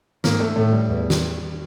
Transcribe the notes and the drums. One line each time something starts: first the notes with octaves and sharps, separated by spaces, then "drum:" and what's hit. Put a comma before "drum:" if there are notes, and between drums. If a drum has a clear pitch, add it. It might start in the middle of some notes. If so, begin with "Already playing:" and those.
G#2 A#3, drum: snare
A3
A2 A3
G3
E2
drum: snare